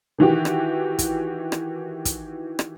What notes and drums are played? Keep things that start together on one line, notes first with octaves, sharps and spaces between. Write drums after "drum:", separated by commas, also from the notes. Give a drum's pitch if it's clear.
D#3 E3 F#4 G4
drum: rim click
drum: kick, hi-hat
drum: rim click
drum: kick, hi-hat
drum: rim click